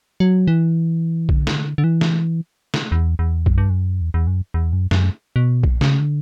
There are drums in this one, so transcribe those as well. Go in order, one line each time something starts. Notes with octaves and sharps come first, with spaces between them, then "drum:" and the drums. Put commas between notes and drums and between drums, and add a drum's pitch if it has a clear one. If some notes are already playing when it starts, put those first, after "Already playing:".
F#3
E3
D3, drum: kick B1
drum: snare
D3
E3
drum: snare
drum: snare
E2
E2
F#2, drum: kick B1
G2
F#2
E2
E2
F#2
E2
F#2
F#2, drum: snare
B2
drum: kick B1
C#3, drum: snare
D3